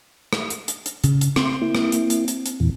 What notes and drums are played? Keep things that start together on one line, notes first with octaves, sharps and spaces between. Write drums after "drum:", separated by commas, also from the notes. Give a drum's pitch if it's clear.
drum: rim click
drum: hi-hat
drum: hi-hat
drum: hi-hat
C#3, drum: hi-hat
drum: hi-hat
C4 C6, drum: rim click
A#3 E4
drum: rim click
drum: hi-hat
drum: hi-hat
drum: hi-hat
drum: hi-hat
E2 A#2 E3